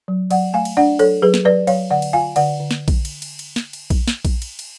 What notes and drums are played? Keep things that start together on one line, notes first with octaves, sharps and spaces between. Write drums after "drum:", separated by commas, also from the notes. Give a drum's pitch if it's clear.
F#3
F#3 D5 F#5, drum: cymbal
A3 F5 G#5
drum: cymbal
D4 D5 F#5
F#3 A4 C#5, drum: cymbal
F#3 G#4 B4
drum: snare
F#3 B4 D5
F#3 C#5 F5, drum: cymbal
D3 D5 F#5
drum: cymbal
F4 F5 G#5
D3 D5 F#5, drum: cymbal
D3
drum: snare
drum: kick A#1, cymbal
drum: cymbal
drum: cymbal
drum: cymbal
drum: snare
drum: cymbal
drum: kick A#1, cymbal
drum: snare
drum: kick A#1, cymbal
drum: cymbal
drum: cymbal